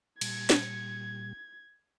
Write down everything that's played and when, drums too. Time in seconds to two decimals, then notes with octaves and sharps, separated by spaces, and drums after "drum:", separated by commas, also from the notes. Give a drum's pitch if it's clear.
0.21 A#2 G3 G#6, drum: cymbal
0.50 drum: snare